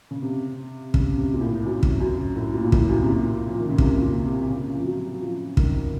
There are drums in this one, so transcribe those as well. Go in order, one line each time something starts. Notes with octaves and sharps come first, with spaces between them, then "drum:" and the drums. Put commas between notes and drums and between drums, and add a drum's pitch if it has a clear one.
C#3
C3
C#3, drum: kick
C3
A#2
A2
F#2
drum: kick
F#2
A2
A#2
A#2
A2, drum: kick
F#2
C3
A#2
F3
D#3
C#3
C3, drum: kick
A#2
C3
C#3
F3
F#3
F3
D#3, drum: kick